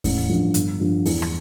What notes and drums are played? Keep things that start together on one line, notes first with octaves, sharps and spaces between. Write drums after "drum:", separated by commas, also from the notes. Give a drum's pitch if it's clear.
A1, drum: kick E2, open hi-hat
G2 F3
G1, drum: hi-hat
G2 F3
E2, drum: open hi-hat
drum: rim click